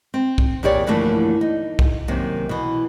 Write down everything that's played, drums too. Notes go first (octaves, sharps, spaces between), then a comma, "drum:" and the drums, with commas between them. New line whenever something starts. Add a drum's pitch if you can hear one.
C4
drum: kick
E2 A#2 G4 C#5 D5
G2 D3 E3 F3 A3 A#3
D#4
drum: kick
F#2 C3 D#3 A#3
B2 E3